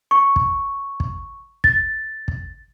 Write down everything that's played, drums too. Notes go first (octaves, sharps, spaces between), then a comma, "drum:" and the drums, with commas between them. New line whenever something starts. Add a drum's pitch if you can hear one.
C#6
drum: kick
drum: kick
A6, drum: kick
drum: kick